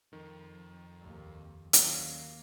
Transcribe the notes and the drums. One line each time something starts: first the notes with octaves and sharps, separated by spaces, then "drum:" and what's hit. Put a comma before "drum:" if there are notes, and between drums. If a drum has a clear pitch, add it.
F2 D#3
G#1 D#2
D#2 D#3 F#3 A#3 C#4, drum: hi-hat